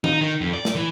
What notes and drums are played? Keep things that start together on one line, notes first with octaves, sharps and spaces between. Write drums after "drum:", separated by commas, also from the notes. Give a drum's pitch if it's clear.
D#4, drum: tom D#3
D#3
F2
D5
drum: snare
E3